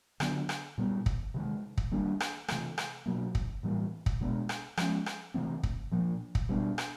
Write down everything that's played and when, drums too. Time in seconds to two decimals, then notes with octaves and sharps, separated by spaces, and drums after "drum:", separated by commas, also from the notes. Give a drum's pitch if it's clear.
0.20 D3 F#3 B3 D4, drum: rim click
0.49 drum: rim click
0.78 A#2 G3 B3
1.06 drum: kick
1.34 C3 D#3 G#3
1.78 drum: kick
1.92 D#3 G3 A#3 D4
2.20 drum: rim click
2.48 C3 E3 A3, drum: rim click
2.78 drum: rim click
3.06 B2 F#3 A#3
3.35 drum: kick
3.63 A2 E3 G3 A#3
4.06 drum: kick
4.21 B2 G#3 B3 D4
4.49 drum: rim click
4.77 F3 G#3 C#4, drum: rim click
5.06 drum: rim click
5.34 C3 E3 A3 C4
5.63 drum: kick
5.92 A#2 F3 A#3
6.35 drum: kick
6.49 B2 G3 B3 D4
6.78 drum: rim click